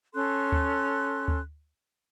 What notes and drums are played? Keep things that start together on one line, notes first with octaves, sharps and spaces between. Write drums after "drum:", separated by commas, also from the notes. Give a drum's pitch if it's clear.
C#4 A4 C6 F#6
drum: kick D2
drum: kick D2